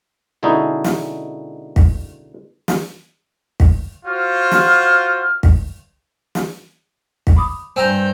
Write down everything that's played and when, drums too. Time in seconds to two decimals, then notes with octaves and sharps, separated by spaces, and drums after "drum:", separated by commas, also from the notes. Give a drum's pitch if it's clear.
0.43 B2 D3 G#3 C#4 D#4 E4
0.84 drum: snare
1.76 drum: kick
2.68 drum: snare
3.60 drum: kick
4.06 F4 F#4 C5 F6
4.51 drum: snare
5.43 drum: kick
6.35 drum: snare
7.27 drum: kick
7.37 B5 D6 D#6
7.76 G2 C4 C5 G#5 A#5 E6 G6